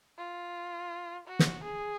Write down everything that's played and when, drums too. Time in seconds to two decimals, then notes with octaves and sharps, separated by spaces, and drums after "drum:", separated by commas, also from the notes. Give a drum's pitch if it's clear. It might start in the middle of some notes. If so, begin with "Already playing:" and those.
0.18 F4
1.28 F#4
1.39 drum: snare
1.64 G#4